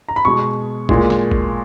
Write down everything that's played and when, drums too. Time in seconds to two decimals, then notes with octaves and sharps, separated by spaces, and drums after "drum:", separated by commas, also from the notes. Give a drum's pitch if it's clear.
0.09 A#5
0.16 B5
0.25 B2 G#3 C#6
0.89 A#2 G#3, drum: kick
1.10 drum: snare
1.31 drum: kick